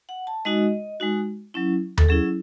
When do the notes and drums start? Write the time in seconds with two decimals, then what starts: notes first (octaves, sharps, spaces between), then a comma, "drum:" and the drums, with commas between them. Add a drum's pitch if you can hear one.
0.09 F#5
0.27 A5
0.45 G#3 D#4 F#4 D#5
1.00 G#3 D#4 F#4
1.54 F#3 C#4 E4
1.98 A4, drum: tom D#2
2.09 F#3 C#4 E4 G#4